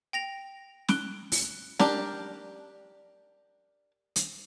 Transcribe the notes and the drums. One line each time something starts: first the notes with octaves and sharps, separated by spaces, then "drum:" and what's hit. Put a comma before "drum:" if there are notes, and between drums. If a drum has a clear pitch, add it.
G5 A#6 F7
F#6 D7 G7, drum: snare
drum: open hi-hat
D4 G4 A#4, drum: snare
drum: hi-hat